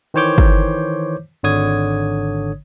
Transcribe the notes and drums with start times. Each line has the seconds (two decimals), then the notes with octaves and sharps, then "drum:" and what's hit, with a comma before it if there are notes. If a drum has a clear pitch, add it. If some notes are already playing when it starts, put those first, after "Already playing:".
0.14 D#3 E3 C5 C#5 D6 G6
0.38 drum: kick
1.43 G#1 D3 C#5 D#6 G#6